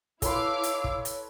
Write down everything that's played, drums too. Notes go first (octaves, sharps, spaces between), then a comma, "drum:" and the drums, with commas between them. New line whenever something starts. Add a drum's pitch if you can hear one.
E4 A4 B4 C#5 F5 C6 D6 E6, drum: kick, hi-hat
drum: hi-hat
drum: kick
drum: hi-hat